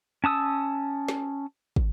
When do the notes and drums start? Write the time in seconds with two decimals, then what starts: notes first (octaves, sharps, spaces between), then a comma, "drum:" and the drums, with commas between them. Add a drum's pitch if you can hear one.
0.24 C#4 A5 D#6 E6
1.08 drum: snare
1.76 drum: kick